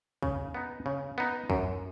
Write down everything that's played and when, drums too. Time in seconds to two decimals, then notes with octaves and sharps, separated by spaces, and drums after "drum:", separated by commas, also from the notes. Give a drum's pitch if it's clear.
0.23 C#3, drum: kick
0.54 B3 D#4
0.86 C#3
1.18 B3 D#4
1.50 F#2, drum: kick